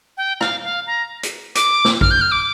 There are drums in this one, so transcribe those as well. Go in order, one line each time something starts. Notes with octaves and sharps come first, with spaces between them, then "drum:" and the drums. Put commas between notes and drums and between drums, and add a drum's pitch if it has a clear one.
G5
F5, drum: rim click
F5
A#5
drum: hi-hat
D6, drum: hi-hat
drum: snare
F6, drum: kick A1
G6
F6
D6